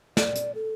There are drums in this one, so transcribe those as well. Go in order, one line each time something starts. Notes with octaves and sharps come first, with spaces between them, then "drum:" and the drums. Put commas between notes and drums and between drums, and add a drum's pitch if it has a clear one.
D5, drum: snare
drum: hi-hat
A4